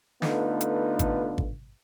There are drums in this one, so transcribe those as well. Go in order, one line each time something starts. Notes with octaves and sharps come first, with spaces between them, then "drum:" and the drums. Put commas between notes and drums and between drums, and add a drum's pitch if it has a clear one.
D3 A3 B3 D#4 F4 B4, drum: snare
drum: hi-hat
drum: kick, hi-hat
drum: kick